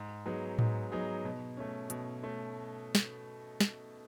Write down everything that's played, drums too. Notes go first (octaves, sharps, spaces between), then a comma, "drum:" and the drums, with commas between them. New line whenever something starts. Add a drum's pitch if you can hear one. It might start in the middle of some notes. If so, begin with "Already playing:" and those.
Already playing: G#2
F#3 B3 D#4 G#4
G#2, drum: tom A2
F#3 B3 D#4 G#4
B2
A3 C#4
B2, drum: hi-hat
A3 C#4
drum: snare
drum: snare